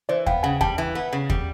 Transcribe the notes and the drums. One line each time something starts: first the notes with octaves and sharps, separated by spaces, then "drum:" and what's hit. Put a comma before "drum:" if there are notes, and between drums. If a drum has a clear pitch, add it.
E3 C5 D5
B3 F5 G5, drum: kick
C#3 F#5 G#5
G3 G5 A5, drum: kick
E3
B3
C#3
G3, drum: kick